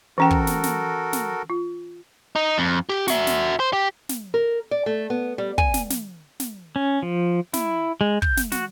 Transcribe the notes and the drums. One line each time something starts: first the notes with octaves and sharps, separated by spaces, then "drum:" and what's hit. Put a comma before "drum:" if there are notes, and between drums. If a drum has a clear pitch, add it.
E3 C#4 F#4 A4 A#4 G5
drum: kick
drum: snare
drum: snare
drum: snare
F4
D#4
F2
G4
F#4 E5, drum: snare
drum: snare
C5
G4
drum: snare
A#4
D5
A3
B3
G3
G#5, drum: kick
drum: snare
drum: snare
drum: snare
C#4
F3
E4, drum: snare
G#3
G6, drum: kick
drum: snare
F#4, drum: snare